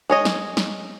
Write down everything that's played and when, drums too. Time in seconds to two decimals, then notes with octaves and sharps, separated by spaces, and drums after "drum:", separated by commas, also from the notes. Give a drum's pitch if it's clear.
0.10 G#3 C#5 D#5
0.25 drum: snare
0.57 drum: snare